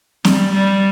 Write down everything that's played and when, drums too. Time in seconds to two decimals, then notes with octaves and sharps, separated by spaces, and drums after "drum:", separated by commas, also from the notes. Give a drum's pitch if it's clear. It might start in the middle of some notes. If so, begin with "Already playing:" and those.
0.25 G3, drum: snare C4
0.53 G3